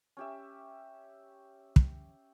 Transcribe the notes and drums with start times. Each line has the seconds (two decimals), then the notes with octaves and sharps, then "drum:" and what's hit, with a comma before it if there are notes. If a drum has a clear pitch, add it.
0.17 C#4 G4 E5
1.76 drum: kick